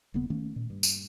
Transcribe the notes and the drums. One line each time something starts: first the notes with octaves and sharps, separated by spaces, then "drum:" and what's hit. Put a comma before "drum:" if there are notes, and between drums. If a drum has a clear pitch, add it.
D#1 C#3 A#3 B3
D#3 A3 A#3 C#4
A#2
G2
drum: tambourine